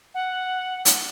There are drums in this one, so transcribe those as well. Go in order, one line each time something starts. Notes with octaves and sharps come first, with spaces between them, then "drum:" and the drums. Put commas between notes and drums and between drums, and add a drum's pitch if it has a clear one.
F#5
drum: hi-hat